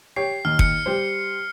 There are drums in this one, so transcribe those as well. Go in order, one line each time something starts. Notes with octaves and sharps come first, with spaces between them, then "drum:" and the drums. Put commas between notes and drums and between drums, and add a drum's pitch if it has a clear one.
G4 C#5 G5 C7
D#2 F6
C#7, drum: kick
G3 G4 C5